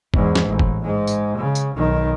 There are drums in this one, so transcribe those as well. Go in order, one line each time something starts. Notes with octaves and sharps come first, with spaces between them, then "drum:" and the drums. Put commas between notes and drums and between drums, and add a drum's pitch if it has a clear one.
E2 G#2, drum: kick
drum: snare
A1
drum: kick
G#2 G#3
drum: tambourine
C#3
drum: tambourine
B1 D#3